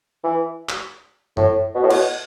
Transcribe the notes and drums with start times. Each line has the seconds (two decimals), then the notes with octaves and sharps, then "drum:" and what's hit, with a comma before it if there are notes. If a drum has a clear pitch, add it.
0.24 E3
0.69 drum: clap
1.37 A2, drum: tom F#2
1.75 B2
1.83 A2
1.90 B2, drum: cymbal